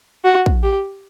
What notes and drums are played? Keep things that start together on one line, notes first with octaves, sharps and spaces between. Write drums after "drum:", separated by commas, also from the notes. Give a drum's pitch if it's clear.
F#4
drum: kick A#1
G4